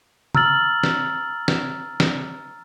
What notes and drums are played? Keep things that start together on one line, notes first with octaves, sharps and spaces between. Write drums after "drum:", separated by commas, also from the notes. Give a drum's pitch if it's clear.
A#5 E6 F6 A6 F#7, drum: tom D3
drum: snare
drum: snare
drum: snare